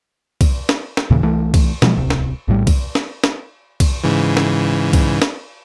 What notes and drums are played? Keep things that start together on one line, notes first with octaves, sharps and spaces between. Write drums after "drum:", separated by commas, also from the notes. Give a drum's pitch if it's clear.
drum: kick, cymbal
drum: snare
drum: snare
D#2 A#2 C#3 E3
C2 E3 A3
drum: kick, cymbal
B2 F3 F#3 G#3, drum: snare
D1 C2 C3
drum: snare
A#1 A2 G3
drum: kick, cymbal
drum: snare
drum: snare
drum: kick, cymbal
G#2 C#3 E3
drum: snare
drum: kick, cymbal
drum: snare